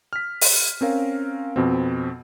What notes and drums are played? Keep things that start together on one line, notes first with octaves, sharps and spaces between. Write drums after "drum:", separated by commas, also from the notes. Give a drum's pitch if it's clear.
F6 B6
drum: open hi-hat
C4 C#4 A#4 F5
F2 B2 C4